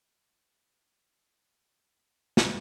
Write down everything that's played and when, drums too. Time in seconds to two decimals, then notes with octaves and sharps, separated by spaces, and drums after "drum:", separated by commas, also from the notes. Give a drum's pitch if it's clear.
0.24 E3 F3 A#3 F4 G4 A#4
0.69 C#3 E6
1.00 C3 A#4 B4
1.80 F#3 G3 B3 D#4 A#4 C#5
2.37 drum: snare